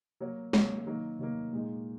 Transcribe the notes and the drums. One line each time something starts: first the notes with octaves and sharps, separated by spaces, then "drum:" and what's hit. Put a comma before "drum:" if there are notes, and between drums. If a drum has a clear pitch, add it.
F#3 A#3 F#4 C#5
F#3 A#3 F#4 C#5, drum: snare
D#3 F#3 A#3
D#3 F#3 A#3
A#2 G#3 D#4